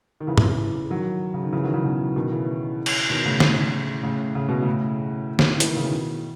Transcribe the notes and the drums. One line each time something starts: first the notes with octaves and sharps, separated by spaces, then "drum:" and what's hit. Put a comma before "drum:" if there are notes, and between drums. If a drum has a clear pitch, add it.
D#3
C#3 E3
drum: tom
D#3 F#3
C#3
D#3
C#3 E3
D#3 F#3
C#3 E3
B2 D#3
B2 D#3
C#3 E3
drum: cymbal
B2 D#3
A2 C#3
A2 C#3, drum: snare
A2 C#3
C#3
B2
A2 C#3
drum: snare
E3, drum: hi-hat
D#3
C#3
B2 D#3